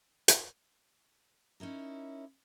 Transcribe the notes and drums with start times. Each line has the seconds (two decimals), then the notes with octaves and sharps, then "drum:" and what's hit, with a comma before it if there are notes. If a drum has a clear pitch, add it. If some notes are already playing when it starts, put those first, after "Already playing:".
0.28 drum: hi-hat
1.60 C#4 D#4 E4 A#4